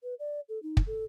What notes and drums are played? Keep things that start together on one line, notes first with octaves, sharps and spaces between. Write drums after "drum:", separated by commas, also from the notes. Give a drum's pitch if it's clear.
B4
D5
A4
D#4
drum: kick
A4